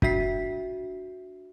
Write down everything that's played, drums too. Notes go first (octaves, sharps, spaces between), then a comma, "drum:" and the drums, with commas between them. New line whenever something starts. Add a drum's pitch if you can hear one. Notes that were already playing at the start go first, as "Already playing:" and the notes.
D4 F#4 E5 B6 C7, drum: kick